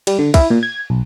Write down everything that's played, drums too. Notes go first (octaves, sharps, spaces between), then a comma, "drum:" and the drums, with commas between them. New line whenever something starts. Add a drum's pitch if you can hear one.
G3, drum: cymbal
D3
E4, drum: kick, cymbal
A#2
G#6
B1